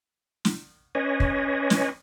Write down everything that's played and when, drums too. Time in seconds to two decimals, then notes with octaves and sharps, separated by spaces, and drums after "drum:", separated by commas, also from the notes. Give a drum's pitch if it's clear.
0.45 drum: snare
0.95 C#4 B4 C#5 D#5
1.20 drum: kick
1.70 drum: snare